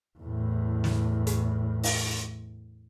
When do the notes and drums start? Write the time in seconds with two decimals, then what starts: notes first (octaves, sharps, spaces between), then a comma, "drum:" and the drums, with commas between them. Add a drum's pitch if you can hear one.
0.19 E2 A2
0.84 drum: snare
1.27 drum: hi-hat
1.83 drum: open hi-hat